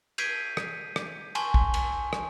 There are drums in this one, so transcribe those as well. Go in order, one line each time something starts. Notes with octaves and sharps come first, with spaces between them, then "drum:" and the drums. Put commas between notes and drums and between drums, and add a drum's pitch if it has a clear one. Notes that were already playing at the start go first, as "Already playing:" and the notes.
G6 G#6 B6 C7 D7 D#7, drum: cymbal
drum: rim click
drum: rim click
G#5 A5 C6 C#6 G7, drum: cymbal
drum: kick
drum: cymbal
drum: rim click